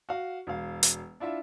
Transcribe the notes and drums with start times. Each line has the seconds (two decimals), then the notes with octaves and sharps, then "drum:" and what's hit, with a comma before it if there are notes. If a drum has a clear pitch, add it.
0.09 F#4 F5
0.47 E1 F5
0.83 drum: hi-hat
1.20 D4 E4 F4 E5